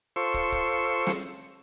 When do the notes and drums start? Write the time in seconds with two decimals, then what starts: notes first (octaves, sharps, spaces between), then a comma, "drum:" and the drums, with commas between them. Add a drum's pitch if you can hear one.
0.16 F4 A4 C5 C6 C#6 E6
0.34 drum: kick
0.52 drum: kick
1.07 drum: snare